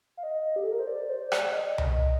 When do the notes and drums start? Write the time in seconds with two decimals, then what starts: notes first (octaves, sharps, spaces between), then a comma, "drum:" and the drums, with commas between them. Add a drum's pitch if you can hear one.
0.17 F5
0.23 D#5
0.56 G4
0.64 A4
0.72 A#4
0.79 C5
0.87 D5
1.10 C5
1.32 D5, drum: rim click
1.52 D#5
1.78 drum: tom C2